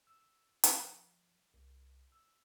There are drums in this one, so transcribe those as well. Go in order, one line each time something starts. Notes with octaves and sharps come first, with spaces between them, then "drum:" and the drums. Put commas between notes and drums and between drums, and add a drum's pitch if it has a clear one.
E6
F3, drum: hi-hat
C2
E6